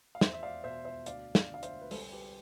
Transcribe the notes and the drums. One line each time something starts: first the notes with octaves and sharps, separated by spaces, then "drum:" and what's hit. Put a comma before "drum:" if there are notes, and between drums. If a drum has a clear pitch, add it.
F5
E2 C5 E5, drum: snare
E5
D5 F5
B2 C5 E5
C5 E5
D2 D5 F5, drum: hi-hat
D5 F5, drum: snare
D3
F5
C5 E5, drum: hi-hat
B4
C2 A4 C5, drum: open hi-hat
G4 B4